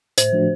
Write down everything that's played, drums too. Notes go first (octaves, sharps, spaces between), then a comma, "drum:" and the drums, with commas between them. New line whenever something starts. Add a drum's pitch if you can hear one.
A2 C5, drum: hi-hat
F3 A3 D4 F#4